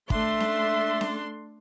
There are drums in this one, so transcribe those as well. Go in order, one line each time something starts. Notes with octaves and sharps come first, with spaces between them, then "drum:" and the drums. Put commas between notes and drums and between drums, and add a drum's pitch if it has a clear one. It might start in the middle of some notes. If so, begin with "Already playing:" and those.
A3 D4 E5 C6, drum: kick
drum: snare C#4
drum: snare C#4